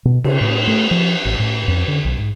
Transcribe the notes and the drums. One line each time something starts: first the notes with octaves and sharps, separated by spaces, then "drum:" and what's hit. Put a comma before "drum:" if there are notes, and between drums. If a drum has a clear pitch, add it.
B2
C#3, drum: cymbal
A2
A3
F3
A1
A2
F2
D3
B1
G#2